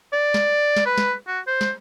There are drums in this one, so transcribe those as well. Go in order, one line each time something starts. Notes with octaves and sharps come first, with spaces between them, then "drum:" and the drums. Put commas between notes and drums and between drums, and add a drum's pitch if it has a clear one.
D5
drum: snare
drum: snare
B4
drum: snare
F#4
C5
drum: snare